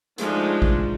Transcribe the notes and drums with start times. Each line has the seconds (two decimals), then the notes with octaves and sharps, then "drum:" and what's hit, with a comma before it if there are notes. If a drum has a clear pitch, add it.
0.18 F3 G#3 A3 D4 D#4, drum: hi-hat
0.62 drum: kick G#1